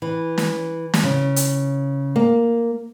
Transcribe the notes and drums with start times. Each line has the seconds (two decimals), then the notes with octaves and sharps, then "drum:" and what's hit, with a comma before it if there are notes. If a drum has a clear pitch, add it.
0.02 E3
0.38 drum: snare
0.94 drum: snare
1.03 C#3
1.36 drum: hi-hat
2.16 A#3